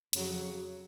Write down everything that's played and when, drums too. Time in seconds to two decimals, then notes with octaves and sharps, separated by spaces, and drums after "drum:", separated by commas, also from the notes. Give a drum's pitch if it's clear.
0.13 F2 C#3 F#3, drum: hi-hat